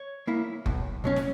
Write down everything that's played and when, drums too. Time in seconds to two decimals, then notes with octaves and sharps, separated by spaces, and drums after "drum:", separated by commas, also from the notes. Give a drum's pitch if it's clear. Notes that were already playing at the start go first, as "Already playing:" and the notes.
Already playing: C#5
0.27 A#3 E4
0.66 B1, drum: kick F#1
1.04 B2 F#3 C#4
1.16 drum: snare